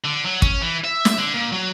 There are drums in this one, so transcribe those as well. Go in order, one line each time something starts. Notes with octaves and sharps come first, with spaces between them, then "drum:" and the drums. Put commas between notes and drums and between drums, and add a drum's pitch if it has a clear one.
D3
F#3
C#4, drum: kick
E3
E5
drum: snare
D3
A#2
F#3